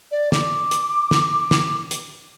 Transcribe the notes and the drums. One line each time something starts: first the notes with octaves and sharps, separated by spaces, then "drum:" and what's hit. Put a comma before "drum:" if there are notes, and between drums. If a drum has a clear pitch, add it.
D5
D6, drum: snare
drum: hi-hat
drum: snare
drum: snare
drum: hi-hat